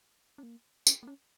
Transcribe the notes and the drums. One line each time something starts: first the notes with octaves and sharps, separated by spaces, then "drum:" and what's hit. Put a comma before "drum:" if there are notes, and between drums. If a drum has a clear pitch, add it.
C#4
A#3
C#4, drum: tambourine
A#3
C#4